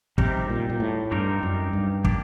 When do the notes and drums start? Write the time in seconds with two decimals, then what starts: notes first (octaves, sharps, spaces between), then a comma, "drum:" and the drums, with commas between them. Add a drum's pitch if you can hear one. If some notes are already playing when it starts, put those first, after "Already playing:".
0.18 C3 G3 C4 D#4 G4 A#4, drum: kick
0.50 A#2
0.70 A#2
0.80 A2
1.11 G2 G3 C4 D#4 G4 A#4
1.43 F#2
1.73 G2
2.04 A#3 D4 G4, drum: kick